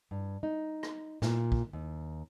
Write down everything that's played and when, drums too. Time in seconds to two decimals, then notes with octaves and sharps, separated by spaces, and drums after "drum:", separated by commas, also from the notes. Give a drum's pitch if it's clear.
0.11 G2
0.43 D#4
0.83 drum: rim click
1.22 A#2, drum: snare
1.52 drum: kick
1.73 D#2